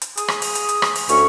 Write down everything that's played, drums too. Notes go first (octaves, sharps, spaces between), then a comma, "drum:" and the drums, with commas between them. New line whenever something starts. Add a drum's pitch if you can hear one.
drum: hi-hat
G#4, drum: hi-hat
drum: rim click
drum: open hi-hat
drum: hi-hat
drum: hi-hat
drum: rim click
drum: open hi-hat
D2 C#4 C#6, drum: hi-hat